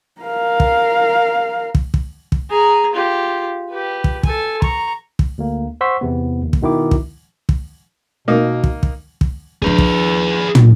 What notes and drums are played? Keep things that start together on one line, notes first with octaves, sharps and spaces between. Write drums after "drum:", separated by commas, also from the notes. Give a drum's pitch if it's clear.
A#4 F5
drum: kick
drum: kick
drum: kick
drum: kick
G#4 A#5
F4 G4
G4 B4
drum: kick
A4 G#5, drum: kick
A#5 C#6, drum: kick
drum: kick
D2 A#3
C5 F#5 C6 C#6 E6 B6
E2 C3 B3
D#2
drum: kick
B2 D#3 E4 D6
drum: kick
drum: kick
B2 A#3 D#4
drum: kick
drum: kick
drum: kick
F3 D4 G#4 B4
drum: kick
drum: tom